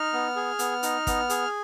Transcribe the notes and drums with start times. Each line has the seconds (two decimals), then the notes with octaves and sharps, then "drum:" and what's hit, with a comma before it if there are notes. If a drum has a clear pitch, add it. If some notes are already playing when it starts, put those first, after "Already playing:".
Already playing: D#4 F6
0.13 B3
0.36 G#4
0.59 B3, drum: hi-hat
0.83 D#4, drum: hi-hat
1.07 B3, drum: kick, hi-hat
1.30 G#4, drum: hi-hat